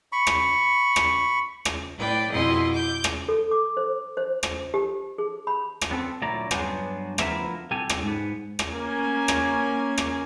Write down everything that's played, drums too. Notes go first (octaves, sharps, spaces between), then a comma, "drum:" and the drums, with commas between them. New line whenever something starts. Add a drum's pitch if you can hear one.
B5 C#6
drum: rim click
drum: rim click
drum: rim click
A2 B4 D5 G5
F2 B2 E4 G#4 D#5 C6
D6 G6
drum: rim click
A4
D6
C5
C5
drum: rim click
G4
G#4
B5
drum: rim click
B3 C4 A4
D2 A#2 F#3 E4 D5 A#5
G2 F#3 B3 D4 G#4 C5, drum: rim click
D2 F3 B3 E4 A#4 E5, drum: rim click
C2 G4 A4 G#5
drum: rim click
G#2 B3
drum: rim click
A#3 C#4 G#5
drum: rim click
drum: rim click